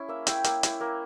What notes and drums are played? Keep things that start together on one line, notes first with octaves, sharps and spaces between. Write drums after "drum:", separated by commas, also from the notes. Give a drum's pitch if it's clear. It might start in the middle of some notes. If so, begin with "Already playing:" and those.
Already playing: C#4 E4 G#4
A#3 E5
E4 G5, drum: hi-hat
A#3, drum: hi-hat
E4, drum: hi-hat
A#3